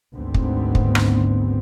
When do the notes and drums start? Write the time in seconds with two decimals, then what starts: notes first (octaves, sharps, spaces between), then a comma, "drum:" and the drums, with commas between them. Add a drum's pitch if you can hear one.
0.14 G#1 D2 G#2 D3 B3 C4
0.34 drum: kick
0.75 drum: kick
0.95 drum: rim click